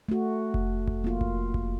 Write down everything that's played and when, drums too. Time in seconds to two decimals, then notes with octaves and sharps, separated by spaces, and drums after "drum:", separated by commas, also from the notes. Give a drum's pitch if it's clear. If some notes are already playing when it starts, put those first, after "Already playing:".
0.09 A3 F#4
0.54 drum: kick F1
0.87 drum: kick F1
1.04 A#3 F4
1.21 drum: kick F1
1.54 drum: kick F1